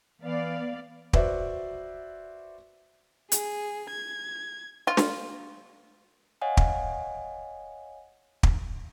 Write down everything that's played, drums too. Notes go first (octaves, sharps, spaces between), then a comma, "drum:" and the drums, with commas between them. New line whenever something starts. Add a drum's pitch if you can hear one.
E3 B3 D5 F5
F#4 B4 C5 D5 E5, drum: kick
G#4, drum: hi-hat
G#6
F4
drum: snare
C#5 D#5 F5 F#5 G#5
drum: kick
drum: kick